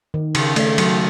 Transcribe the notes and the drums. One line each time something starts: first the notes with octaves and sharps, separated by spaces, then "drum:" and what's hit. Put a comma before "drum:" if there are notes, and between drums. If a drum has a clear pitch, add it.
D#3
C#3, drum: cymbal
A3, drum: cymbal
F#3, drum: cymbal